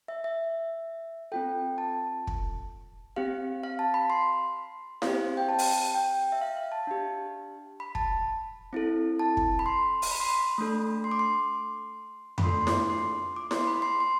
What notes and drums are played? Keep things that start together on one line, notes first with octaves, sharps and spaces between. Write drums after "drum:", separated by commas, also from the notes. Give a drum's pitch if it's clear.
E5
E5
C4 F4 A4 G5
A5
drum: kick
C4 G4 F5
F5
A5
B5
C6
C4 G4 F5, drum: snare E4
C5
G5
A5
drum: open hi-hat
G5
E5
F5
F5
A5
D4 G4
B5
A5, drum: kick
C4 E4 A4
A5
drum: kick
B5
C6
drum: open hi-hat
B5
C6
B5
A3 D4 A4
C6
D6
C6
B5, drum: tom F2
A3 D4 F4 A4 C6
C6
D6, drum: snare E4
C6
D6
C6, drum: snare E4
B5
C6
C6